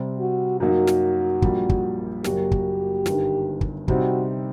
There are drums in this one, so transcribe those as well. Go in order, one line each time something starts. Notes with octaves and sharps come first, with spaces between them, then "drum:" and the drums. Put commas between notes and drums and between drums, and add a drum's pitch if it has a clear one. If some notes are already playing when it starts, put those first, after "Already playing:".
Already playing: C3 G3 C4
F#4
F#2 F#3 A#3 D#4 F#4
drum: snare
A#1 A#2 G3, drum: kick
drum: kick
F#1 F#2 F#3 A#3 F#4 G4, drum: snare
drum: kick
G1 G2 D#3, drum: snare
drum: kick
C3 G3 C4 D#4 F#4, drum: kick